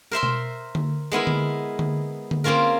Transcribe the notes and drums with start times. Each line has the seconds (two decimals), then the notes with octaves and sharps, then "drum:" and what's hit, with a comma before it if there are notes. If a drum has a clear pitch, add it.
0.11 A#4 C5 E5 C6
0.23 drum: tom B2
0.75 drum: tom D3
1.12 G#3 B3 E4 A#4
1.27 drum: tom D3
1.79 drum: tom D3
2.31 drum: tom D3
2.44 A#3 C4 C#4 F4 A#4